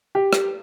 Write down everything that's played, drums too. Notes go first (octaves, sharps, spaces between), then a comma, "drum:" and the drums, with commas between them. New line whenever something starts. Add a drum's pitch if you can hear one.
G4
drum: rim click